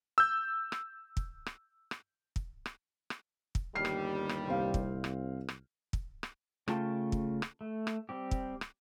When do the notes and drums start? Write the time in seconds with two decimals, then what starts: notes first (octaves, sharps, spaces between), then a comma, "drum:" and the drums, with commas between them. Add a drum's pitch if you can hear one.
0.18 E6 G6
0.72 drum: rim click
1.17 drum: kick
1.46 drum: rim click
1.91 drum: rim click
2.36 drum: kick
2.66 drum: rim click
3.10 drum: rim click
3.55 drum: kick
3.75 G1 D#2 G3 F6 C7
3.85 drum: rim click
4.29 drum: rim click
4.48 C2 C4 F5
4.74 drum: kick
5.04 drum: rim click
5.48 drum: rim click
5.93 drum: kick
6.23 drum: rim click
6.68 C#3 A3 F4 G5 A5, drum: rim click
7.12 drum: kick
7.42 drum: rim click
7.61 A3
7.87 drum: rim click
8.09 G3 C4 G4
8.31 drum: kick
8.61 drum: rim click